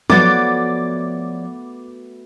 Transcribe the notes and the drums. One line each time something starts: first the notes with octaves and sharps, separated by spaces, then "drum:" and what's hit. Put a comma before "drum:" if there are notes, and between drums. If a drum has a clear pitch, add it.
F3 A3 B3 F#4 C#5 D5 D6 A6, drum: tom F#3